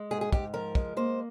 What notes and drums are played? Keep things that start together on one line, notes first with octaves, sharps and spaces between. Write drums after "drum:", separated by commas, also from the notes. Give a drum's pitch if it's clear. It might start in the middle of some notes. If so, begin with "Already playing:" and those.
Already playing: G#3
G#2 G#4
G#4
G#2 G4, drum: kick
F3 A#4
G#3, drum: kick
A#3 C5